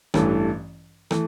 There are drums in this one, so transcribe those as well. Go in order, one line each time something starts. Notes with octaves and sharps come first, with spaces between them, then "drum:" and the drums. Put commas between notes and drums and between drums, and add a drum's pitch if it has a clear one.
A1 G2 E3 A3, drum: rim click
E3 A3, drum: rim click